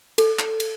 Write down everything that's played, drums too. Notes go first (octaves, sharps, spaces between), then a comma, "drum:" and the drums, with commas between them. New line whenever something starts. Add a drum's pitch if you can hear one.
A4, drum: cymbal
drum: clap
drum: cymbal